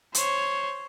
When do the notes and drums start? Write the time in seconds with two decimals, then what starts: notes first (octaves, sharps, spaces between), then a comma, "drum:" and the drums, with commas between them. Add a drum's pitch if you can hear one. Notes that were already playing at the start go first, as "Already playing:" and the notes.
0.15 C5 C#5, drum: hi-hat